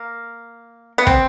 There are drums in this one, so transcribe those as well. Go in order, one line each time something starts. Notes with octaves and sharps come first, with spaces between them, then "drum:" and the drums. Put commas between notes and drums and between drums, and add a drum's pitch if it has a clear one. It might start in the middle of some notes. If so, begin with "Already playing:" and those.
Already playing: A#3
B3
C4, drum: kick